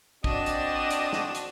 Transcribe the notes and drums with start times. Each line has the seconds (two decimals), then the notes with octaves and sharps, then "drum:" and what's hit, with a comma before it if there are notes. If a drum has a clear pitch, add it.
0.24 C4 D4 F#4 D5 D#5 E7, drum: kick
0.46 drum: hi-hat
0.91 drum: hi-hat
1.13 drum: snare
1.35 drum: hi-hat